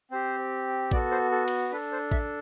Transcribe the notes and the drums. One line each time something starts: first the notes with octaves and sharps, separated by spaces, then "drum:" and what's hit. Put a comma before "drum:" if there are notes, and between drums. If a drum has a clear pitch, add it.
C4 G4 C5
B3 F#4 A4 D5, drum: kick A1
C5
A4
drum: cymbal
D4 A4 B4
C5
E5, drum: kick A1